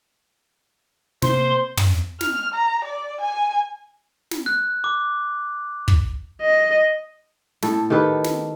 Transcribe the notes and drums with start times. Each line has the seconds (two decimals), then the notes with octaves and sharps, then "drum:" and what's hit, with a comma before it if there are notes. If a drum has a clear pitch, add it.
1.22 C3 A#3 C5 C6, drum: snare
1.77 drum: tom
2.21 F6, drum: snare
2.54 A#5
2.85 D5
3.21 G#5
4.31 drum: snare
4.46 F#6
4.84 D6
5.88 drum: kick
6.42 D#5
7.62 A2 A4, drum: snare
7.90 D#3 G4 A4 B4
8.24 drum: snare